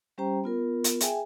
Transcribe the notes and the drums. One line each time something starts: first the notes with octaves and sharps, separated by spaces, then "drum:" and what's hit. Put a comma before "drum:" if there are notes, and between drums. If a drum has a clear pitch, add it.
G3 C#4 G4 C5 G5 A#5
B3 F4 A#4
drum: hi-hat
G#4 E5 G5 G#5, drum: hi-hat